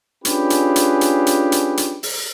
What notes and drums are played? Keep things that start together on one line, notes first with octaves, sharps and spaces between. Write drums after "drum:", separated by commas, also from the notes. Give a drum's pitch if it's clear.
C#4 D4 F4 G4 G#4 B4, drum: hi-hat
drum: hi-hat
drum: hi-hat
drum: hi-hat
drum: hi-hat
drum: hi-hat
drum: hi-hat
drum: open hi-hat